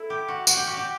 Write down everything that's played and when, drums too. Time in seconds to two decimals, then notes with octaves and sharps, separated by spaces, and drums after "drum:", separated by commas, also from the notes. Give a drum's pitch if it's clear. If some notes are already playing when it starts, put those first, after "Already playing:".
Already playing: E4 A4
0.10 G4
0.28 F#4
0.47 F#4, drum: tambourine
0.57 G4
0.67 F#4
0.77 G4